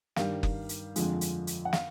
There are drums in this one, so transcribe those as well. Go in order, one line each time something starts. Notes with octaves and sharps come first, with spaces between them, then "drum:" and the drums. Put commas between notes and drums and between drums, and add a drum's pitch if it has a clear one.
G2 D#3 G3 F5, drum: snare
drum: kick F#1
drum: hi-hat
F2 D3 F3 G#3, drum: hi-hat
drum: hi-hat
drum: hi-hat
F#5
F5, drum: snare